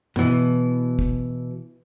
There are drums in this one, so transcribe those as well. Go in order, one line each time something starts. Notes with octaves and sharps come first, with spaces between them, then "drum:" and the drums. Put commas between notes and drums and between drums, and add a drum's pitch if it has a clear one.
B2 E3, drum: tom
drum: kick